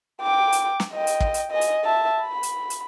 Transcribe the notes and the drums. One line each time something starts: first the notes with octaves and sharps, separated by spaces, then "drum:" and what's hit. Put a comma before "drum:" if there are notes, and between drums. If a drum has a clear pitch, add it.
G5 D6
drum: hi-hat
drum: snare
D#5 G5
drum: hi-hat
drum: kick
drum: hi-hat
D#5 G#5
drum: hi-hat
E5 A5
B5
drum: hi-hat
drum: hi-hat